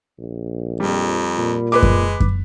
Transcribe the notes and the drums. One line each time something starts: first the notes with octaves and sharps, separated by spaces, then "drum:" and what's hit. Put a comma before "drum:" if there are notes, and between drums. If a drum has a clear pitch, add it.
A#1
F2 G3
A#2
G#3 B4 B5 D6
drum: kick F#2
drum: kick F#2